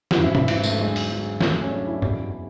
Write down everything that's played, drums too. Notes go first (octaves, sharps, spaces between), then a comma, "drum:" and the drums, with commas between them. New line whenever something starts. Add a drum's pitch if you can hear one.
F#4, drum: snare
G#1 F#2 E3 E4
drum: tom B2
G#1 F#2 E3 E4, drum: cymbal
A3, drum: tambourine
E2 D3 F#3 G#3
drum: open hi-hat
E2 D3 F#3
E2 C#3 F#3 A3, drum: snare
C#4
E2 C#3 F#3 D4
E4
F#1 E2 B2 F#3, drum: tom G2